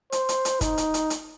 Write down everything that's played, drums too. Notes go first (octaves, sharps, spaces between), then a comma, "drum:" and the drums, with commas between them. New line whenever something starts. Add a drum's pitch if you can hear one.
C5, drum: hi-hat
drum: hi-hat
drum: hi-hat
D#4, drum: kick, hi-hat
drum: hi-hat
drum: hi-hat
drum: hi-hat